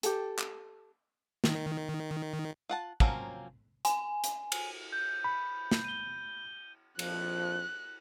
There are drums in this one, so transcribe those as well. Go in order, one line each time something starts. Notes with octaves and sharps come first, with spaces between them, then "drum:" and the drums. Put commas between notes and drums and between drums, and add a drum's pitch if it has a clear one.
G4 A4, drum: hi-hat
drum: clap
D#3, drum: snare
F4 F#5 A5
F3 F#3 A#3 C4 C#4, drum: kick
G#5, drum: hi-hat
drum: hi-hat
drum: cymbal
G6
B5
drum: snare
D#7 G7
A#1 F2 F3 F#6, drum: cymbal